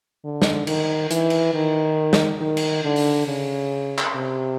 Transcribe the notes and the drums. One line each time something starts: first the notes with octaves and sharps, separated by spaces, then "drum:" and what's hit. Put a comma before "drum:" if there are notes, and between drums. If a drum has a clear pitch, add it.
D3
drum: snare
D#3, drum: cymbal
E3, drum: hi-hat
drum: cymbal
D#3
drum: snare
D#3
drum: cymbal
D3
drum: open hi-hat
C#3
drum: clap
C3